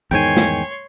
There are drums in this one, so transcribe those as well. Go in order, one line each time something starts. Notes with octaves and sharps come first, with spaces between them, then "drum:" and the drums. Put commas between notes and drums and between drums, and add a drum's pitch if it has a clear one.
E2 G#2 D#3 C#5 G5 G#5 C6
drum: snare